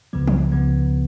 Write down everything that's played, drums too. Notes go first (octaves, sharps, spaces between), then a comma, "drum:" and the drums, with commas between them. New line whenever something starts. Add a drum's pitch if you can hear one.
C#2 C#3 F3 B3
drum: tom
C#2 C#3 F3 B3